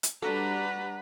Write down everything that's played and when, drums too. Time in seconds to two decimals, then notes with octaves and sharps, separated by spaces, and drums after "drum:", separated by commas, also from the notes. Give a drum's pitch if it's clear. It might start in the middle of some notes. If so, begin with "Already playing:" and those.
0.03 drum: hi-hat
0.22 G3 D4 F#4 A4 B4 A#5